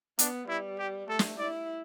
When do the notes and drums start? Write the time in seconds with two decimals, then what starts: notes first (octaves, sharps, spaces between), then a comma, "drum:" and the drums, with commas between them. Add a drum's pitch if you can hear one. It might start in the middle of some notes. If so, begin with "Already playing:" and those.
0.19 B3 D4, drum: hi-hat
0.48 G3 E4
0.79 G4
1.09 A3 A4
1.19 drum: snare
1.39 E4 D5